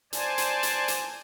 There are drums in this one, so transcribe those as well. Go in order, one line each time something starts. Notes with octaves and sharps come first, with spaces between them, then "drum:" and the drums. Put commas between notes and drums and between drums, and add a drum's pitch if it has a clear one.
C5 D5 G#5 A5, drum: hi-hat
drum: hi-hat
drum: hi-hat
drum: hi-hat